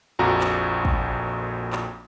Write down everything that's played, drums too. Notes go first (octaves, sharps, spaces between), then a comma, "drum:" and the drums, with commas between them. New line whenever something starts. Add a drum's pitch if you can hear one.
A#1 F2 A#2 F#4 A#5
drum: clap
drum: kick
drum: clap